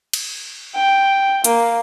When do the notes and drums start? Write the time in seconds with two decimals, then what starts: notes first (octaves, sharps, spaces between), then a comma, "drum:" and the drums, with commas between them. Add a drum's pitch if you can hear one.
0.13 drum: cymbal
0.75 G5
1.44 A#3, drum: hi-hat